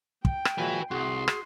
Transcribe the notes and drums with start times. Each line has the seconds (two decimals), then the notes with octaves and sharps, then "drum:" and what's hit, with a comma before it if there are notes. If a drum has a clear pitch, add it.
0.25 G5, drum: kick
0.45 drum: rim click
0.58 A#2 F3 G#3 F#4 B4 G#5
0.91 C2 F#4 G#4 C6
1.28 drum: rim click